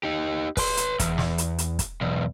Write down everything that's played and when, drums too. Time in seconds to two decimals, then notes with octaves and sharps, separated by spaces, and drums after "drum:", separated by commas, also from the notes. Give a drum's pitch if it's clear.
0.03 D#4 G4
0.57 B4 C6, drum: kick, open hi-hat
0.77 drum: hi-hat
0.99 E2, drum: kick, hi-hat
1.18 drum: snare
1.38 drum: hi-hat
1.58 drum: hi-hat
1.79 drum: kick, hi-hat
2.01 B1 E2